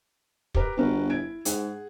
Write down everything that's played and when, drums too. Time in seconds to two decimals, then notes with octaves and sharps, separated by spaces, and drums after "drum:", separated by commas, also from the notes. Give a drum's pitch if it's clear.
0.54 G4 A#4 B4, drum: kick
0.77 G1 B3 F#4 A#4
1.10 E4 G#6 D7
1.45 G#2 G#4 F#5, drum: hi-hat